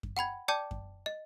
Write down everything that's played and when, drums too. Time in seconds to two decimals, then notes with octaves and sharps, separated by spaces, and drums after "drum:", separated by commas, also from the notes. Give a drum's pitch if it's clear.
0.03 drum: kick F#2
0.17 F#5 G5 B5 G#6
0.48 D5 G5 A5 D6 G6
0.71 drum: kick F#2
1.06 D#5